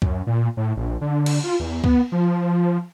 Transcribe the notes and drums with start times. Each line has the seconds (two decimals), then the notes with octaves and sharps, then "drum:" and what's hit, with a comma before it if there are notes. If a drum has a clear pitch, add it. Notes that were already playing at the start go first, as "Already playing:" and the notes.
0.02 F#2, drum: kick C#2
0.27 A#2
0.57 A2
0.77 A#1
1.01 D3
1.26 drum: cymbal
1.44 F4
1.60 E2
1.84 B3, drum: kick C#2
2.12 F3